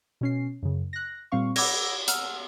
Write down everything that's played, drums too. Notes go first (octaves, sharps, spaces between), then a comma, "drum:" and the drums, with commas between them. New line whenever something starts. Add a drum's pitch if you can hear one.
B2 C#4 C7
F#2 C#3
F#6 A#6
A#2 G3 C4 F5 C#6
F#5 B5 D6 E6 G#6 A#6, drum: cymbal
F#5 E6 F6, drum: hi-hat